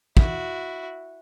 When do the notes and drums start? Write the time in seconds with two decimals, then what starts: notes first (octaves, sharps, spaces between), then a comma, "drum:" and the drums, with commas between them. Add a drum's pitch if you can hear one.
0.17 E4 F#4, drum: kick